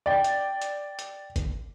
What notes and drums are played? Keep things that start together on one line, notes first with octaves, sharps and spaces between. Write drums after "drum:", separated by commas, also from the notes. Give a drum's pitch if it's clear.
D5 G5
drum: hi-hat
drum: hi-hat
drum: hi-hat
drum: kick G1, hi-hat